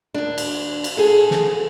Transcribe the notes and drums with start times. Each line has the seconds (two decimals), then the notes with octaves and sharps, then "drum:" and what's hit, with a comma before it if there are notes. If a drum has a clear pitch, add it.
0.14 D#2 D4
0.38 drum: cymbal
0.84 drum: cymbal
0.97 G#4 A4
1.31 drum: snare